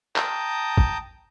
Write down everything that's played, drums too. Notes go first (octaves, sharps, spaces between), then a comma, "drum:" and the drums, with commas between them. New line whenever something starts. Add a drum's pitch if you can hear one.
G5 A5 A#5 D#6, drum: clap
drum: kick